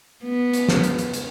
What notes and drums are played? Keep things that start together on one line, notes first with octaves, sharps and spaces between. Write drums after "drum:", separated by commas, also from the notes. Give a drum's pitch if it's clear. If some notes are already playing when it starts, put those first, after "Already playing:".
B3
drum: hi-hat
drum: snare
drum: hi-hat
drum: hi-hat
drum: hi-hat